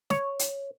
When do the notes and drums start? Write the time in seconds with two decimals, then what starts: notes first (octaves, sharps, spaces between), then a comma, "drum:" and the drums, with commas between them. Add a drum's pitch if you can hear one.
0.10 C#5, drum: snare
0.39 drum: hi-hat